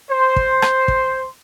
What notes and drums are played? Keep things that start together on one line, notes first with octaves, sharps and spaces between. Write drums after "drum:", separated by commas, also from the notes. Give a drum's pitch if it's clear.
C5 C6
drum: kick
drum: rim click
drum: kick